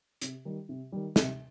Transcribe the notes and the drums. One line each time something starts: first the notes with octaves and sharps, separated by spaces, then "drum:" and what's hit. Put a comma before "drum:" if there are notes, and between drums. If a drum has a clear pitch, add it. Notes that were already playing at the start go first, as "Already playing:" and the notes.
C3, drum: hi-hat
D#3 G3
C3
D#3 G3
C3, drum: snare